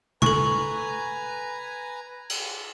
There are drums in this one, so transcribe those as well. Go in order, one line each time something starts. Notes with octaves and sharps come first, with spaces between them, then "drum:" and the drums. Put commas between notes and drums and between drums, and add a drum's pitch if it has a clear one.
A4 B4 G#5 A#5 C#6, drum: tom
drum: cymbal